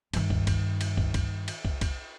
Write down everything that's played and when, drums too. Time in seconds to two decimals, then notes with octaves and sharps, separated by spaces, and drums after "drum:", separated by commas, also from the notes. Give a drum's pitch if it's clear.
0.13 G2 D#3, drum: cymbal
0.30 drum: kick
0.47 drum: kick, cymbal
0.81 drum: cymbal
0.97 drum: kick
1.14 drum: kick, cymbal
1.48 drum: cymbal
1.65 drum: kick
1.81 drum: kick, cymbal